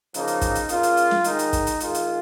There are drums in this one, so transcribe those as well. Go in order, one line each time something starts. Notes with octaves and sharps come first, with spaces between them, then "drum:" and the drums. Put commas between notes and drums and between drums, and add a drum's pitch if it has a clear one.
C#3 F3 A#3 D#4, drum: hi-hat
drum: hi-hat
drum: kick, hi-hat
drum: hi-hat
C#3 A#3 F4, drum: hi-hat
drum: hi-hat
drum: hi-hat
drum: snare
D#3 G#3 D#4, drum: hi-hat
drum: hi-hat
drum: kick, hi-hat
drum: hi-hat
D#3 G#3 F4, drum: hi-hat
drum: hi-hat